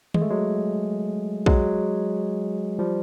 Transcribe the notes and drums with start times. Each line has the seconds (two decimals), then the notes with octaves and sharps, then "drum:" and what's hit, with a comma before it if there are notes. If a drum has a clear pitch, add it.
0.14 G#3, drum: tom D#3
0.21 A3
0.30 F#3 G#3
1.46 F#3 G#3, drum: kick A#1
2.79 F3 G3